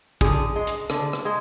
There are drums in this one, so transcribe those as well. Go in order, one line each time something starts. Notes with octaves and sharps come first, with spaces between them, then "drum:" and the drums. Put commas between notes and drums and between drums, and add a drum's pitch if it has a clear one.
D3 G#4, drum: kick
G#3
drum: hi-hat
D3, drum: rim click
drum: rim click
G#3